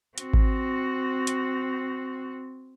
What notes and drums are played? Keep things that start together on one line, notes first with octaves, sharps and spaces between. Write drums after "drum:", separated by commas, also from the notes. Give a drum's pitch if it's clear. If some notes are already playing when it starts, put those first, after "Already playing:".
C4 F#4, drum: hi-hat
drum: kick G#1
drum: hi-hat